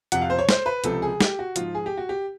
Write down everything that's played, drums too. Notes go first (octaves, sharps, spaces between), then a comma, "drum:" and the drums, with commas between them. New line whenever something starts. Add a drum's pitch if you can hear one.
F2 C3 F3 F#5, drum: hi-hat
F5
C5
C#5
C5, drum: snare
B4
C#2 C3 F3 A4, drum: hi-hat
G#4
G4, drum: snare
F#4
G#2 F3 F4, drum: hi-hat
G#4
G4
F#4
G4